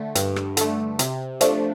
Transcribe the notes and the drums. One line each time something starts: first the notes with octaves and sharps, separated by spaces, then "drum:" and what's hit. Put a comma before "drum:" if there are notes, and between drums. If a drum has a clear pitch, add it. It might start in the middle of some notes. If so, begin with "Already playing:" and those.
Already playing: D3 A3
G2, drum: hi-hat
drum: rim click
D3 A3, drum: hi-hat
C3, drum: hi-hat
F3 A3 D4, drum: hi-hat